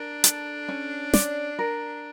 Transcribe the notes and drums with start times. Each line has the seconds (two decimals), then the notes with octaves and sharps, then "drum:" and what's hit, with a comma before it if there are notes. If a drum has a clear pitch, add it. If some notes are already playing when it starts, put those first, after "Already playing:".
Already playing: D4 A#4
0.24 A4, drum: hi-hat
0.68 C#4
1.13 D5, drum: snare
1.59 A#4